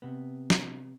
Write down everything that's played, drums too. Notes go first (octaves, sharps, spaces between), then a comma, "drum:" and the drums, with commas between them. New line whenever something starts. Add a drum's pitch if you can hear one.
C3 B3
drum: snare